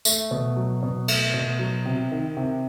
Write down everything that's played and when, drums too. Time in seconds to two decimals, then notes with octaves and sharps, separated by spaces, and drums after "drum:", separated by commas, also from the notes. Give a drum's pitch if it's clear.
0.05 A3, drum: tambourine
0.31 B2
0.57 F#3
0.83 B2
1.08 A3, drum: cymbal
1.34 B2
1.59 F#3
1.85 C3
2.11 D#3
2.37 C3